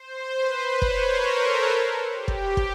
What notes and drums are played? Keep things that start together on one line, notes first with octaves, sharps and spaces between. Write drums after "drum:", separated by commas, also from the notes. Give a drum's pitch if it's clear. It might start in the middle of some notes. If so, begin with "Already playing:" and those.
Already playing: C5
B4
C#5, drum: kick
A#4
A4
G4
drum: kick
drum: kick